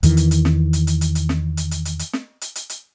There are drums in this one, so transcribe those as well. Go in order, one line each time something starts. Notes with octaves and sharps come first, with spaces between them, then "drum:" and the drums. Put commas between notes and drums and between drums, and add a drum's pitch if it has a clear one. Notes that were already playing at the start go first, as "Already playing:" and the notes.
E2 D#3 E3, drum: hi-hat
drum: hi-hat
drum: hi-hat
drum: snare
drum: hi-hat
drum: hi-hat
drum: hi-hat
drum: hi-hat
drum: snare
drum: hi-hat
drum: hi-hat
drum: hi-hat
drum: hi-hat
drum: snare
drum: hi-hat
drum: hi-hat
drum: hi-hat